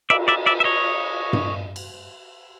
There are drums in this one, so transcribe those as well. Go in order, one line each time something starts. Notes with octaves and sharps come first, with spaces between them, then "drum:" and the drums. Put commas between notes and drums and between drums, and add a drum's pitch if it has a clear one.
D5 E5, drum: cymbal
D5 E5
D5 E5
E5
C#5 D#5
drum: tom G2
drum: cymbal